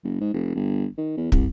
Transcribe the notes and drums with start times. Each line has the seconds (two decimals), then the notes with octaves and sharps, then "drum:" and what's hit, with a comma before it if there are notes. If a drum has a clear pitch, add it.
0.04 F#1
0.21 G#2
0.34 F1
0.55 G1
0.98 D#3
1.17 E2
1.32 C2, drum: kick